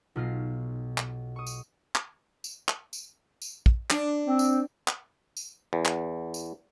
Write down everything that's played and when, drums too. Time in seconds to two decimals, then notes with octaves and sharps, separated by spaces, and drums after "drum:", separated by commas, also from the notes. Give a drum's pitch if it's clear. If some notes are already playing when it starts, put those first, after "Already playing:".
0.16 B1 B2 F4 F6 A#6 C7
0.98 drum: clap
1.36 C#6 D#6
1.47 drum: tambourine
1.95 drum: clap
2.44 drum: tambourine
2.68 drum: clap
2.93 drum: tambourine
3.42 drum: tambourine
3.66 drum: kick
3.90 D4, drum: clap
4.27 C4
4.39 drum: tambourine
4.88 drum: clap
5.37 drum: tambourine
5.73 E2
5.85 drum: clap
6.34 drum: tambourine